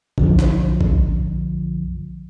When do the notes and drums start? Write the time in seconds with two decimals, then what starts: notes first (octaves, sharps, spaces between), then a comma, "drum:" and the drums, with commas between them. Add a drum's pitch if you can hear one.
0.18 B1 F#2 D3 F3, drum: kick
0.39 drum: snare
0.81 drum: kick